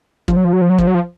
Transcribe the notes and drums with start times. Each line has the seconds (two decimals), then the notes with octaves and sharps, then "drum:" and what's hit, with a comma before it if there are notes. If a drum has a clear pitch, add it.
0.28 F3, drum: kick
0.36 F#3
0.45 F3
0.53 F#3
0.61 F3
0.70 F#3
0.78 F3, drum: kick
0.87 F#3
0.95 F3